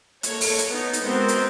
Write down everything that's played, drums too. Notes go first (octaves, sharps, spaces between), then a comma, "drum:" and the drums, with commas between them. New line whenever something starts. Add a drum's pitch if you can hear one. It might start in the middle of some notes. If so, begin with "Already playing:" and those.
A#3 A4 C#5, drum: hi-hat
drum: open hi-hat
drum: hi-hat
B3 D#4
drum: hi-hat
G#3 B3 C4 F#4 A#4 C5
drum: hi-hat